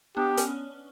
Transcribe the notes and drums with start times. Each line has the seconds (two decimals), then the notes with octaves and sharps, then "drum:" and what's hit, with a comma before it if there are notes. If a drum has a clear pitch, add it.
0.16 B3 D4 G4
0.37 C#4, drum: hi-hat